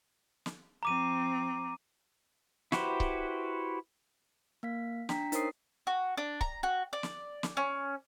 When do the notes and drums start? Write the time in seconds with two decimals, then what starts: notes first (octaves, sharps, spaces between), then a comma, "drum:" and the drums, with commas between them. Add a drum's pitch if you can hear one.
0.46 drum: snare
0.83 F3 C4 A#5 D6 D#7
2.72 E4 F#4 G4 B4 C5, drum: snare
3.00 drum: kick C#1
4.63 A#3 F5 B6
5.09 D4 G5 A#5 B6, drum: snare
5.32 D#4 A#4 C5 C#5 D#6 C7, drum: hi-hat
5.87 F#4
6.18 D4
6.41 A#5, drum: kick C#1
6.63 F#4
6.93 D5
7.03 drum: snare
7.43 drum: snare
7.57 C#4